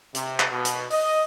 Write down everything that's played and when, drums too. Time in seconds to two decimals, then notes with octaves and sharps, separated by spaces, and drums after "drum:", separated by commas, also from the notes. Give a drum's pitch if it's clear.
0.15 C3, drum: hi-hat
0.40 drum: clap
0.52 B2
0.65 drum: hi-hat
0.90 D#5, drum: open hi-hat